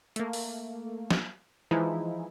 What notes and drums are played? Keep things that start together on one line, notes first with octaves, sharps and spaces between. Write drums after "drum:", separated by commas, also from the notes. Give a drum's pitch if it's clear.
A3 A#3, drum: hi-hat
drum: open hi-hat
drum: snare
E3 F3 G#3 D#4 E4